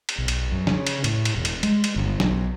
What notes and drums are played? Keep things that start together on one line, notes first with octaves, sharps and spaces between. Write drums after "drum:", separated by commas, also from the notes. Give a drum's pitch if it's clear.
drum: cymbal
B1
drum: cymbal
F#2
C#3, drum: snare
drum: cymbal
A2, drum: cymbal
drum: cymbal
E1
drum: cymbal
G#3, drum: cymbal
drum: cymbal
G1
B1, drum: snare